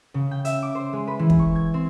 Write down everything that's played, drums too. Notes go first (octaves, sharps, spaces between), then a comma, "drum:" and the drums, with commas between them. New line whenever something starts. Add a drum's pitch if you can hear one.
C#3
G5
E5, drum: hi-hat
D6
C5
G#3
B4
E3
drum: kick
C#6
G#6
C4